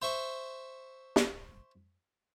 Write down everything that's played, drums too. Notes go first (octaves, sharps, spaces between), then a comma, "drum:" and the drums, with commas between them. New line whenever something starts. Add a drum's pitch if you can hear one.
C5 E5 C6 C#6
drum: snare